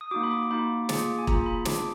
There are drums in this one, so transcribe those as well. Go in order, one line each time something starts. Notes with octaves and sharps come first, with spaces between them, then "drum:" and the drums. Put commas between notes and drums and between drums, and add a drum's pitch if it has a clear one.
D#6
A#3 D#4 F#4 D6
B5
D6
D6
A#3 D#4 F#4 B5
A#3 F4 G#4 D6, drum: snare
G#5
A#3 F4 G#4 A#5, drum: kick E1
B5
B3 D4 F4 G#4 D6, drum: snare